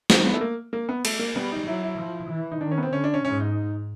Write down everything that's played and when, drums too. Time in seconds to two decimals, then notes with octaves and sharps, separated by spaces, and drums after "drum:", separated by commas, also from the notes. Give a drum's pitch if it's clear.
0.10 C4, drum: snare
0.26 B3
0.34 A3
0.41 A#3
0.73 A#3
0.89 B3
1.05 A3, drum: cymbal
1.19 A#3
1.35 G3 B3
1.52 D#4
1.67 F#3 E4
1.83 E4
1.99 F3
2.30 E3
2.52 D#4
2.61 D#3 D4
2.71 C#4
2.78 B3
2.83 C4
2.92 D3 C#4
3.04 D4
3.14 C#4
3.24 G#2 C#4
3.40 D#4